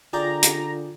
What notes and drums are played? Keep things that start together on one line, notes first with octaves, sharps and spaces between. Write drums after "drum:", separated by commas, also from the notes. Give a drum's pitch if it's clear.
D3 F4 G#4 D5 G5 A#5
drum: hi-hat